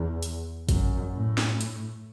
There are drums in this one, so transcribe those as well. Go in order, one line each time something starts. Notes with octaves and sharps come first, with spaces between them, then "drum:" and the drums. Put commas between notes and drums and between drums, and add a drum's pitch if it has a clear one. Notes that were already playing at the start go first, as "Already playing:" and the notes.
Already playing: E2
drum: hi-hat
F#2, drum: kick G#1, hi-hat
A2
drum: snare
drum: hi-hat